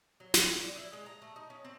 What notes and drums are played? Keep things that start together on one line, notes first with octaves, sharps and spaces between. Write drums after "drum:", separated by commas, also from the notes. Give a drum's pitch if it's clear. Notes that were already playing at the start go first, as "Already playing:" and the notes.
F#3
C4, drum: snare
D5
E4
G#3
A#5
A3
D#4
C#4
C4